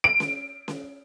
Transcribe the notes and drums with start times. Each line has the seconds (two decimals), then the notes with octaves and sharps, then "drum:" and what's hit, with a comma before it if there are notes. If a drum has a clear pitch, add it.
0.04 D7
0.20 drum: snare C#4
0.68 drum: snare C#4